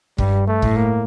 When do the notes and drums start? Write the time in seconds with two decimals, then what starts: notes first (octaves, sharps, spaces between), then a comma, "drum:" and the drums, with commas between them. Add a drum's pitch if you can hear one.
0.18 G2 G3, drum: kick
0.48 A3
0.62 A2, drum: kick
0.76 A#3